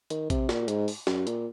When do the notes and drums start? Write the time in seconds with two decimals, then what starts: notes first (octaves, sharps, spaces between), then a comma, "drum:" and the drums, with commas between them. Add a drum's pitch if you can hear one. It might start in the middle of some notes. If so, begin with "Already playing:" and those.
0.10 D#3, drum: hi-hat
0.30 C3, drum: kick, hi-hat
0.49 A#2, drum: snare
0.68 G#2, drum: hi-hat
0.88 drum: open hi-hat
1.07 F#2, drum: snare
1.27 A#2, drum: hi-hat